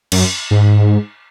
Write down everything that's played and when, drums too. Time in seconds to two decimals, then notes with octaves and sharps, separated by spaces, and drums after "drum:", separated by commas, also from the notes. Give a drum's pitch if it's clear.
0.12 F#2, drum: cymbal
0.51 G#2